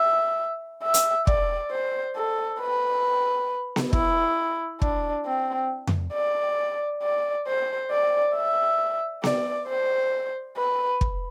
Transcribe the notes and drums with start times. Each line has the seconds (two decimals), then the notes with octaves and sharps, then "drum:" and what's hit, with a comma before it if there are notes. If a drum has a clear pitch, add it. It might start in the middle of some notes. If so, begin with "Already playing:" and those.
Already playing: E5
0.83 E5
0.94 drum: hi-hat
1.27 D5, drum: kick
1.71 C5
2.16 A4
2.60 B4
3.76 drum: snare B3
3.93 E4, drum: kick
4.82 D4, drum: kick
5.26 C4
5.87 drum: tom F2
6.14 D5
7.03 D5
7.47 C5
7.91 D5
8.36 E5
9.24 D5, drum: snare B3
9.68 C5
10.57 B4
11.01 drum: kick